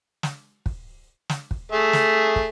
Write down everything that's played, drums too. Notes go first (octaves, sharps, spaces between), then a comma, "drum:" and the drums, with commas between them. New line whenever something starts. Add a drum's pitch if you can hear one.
drum: snare
drum: kick
drum: snare
drum: kick
A3 G#4 E5
drum: snare
drum: kick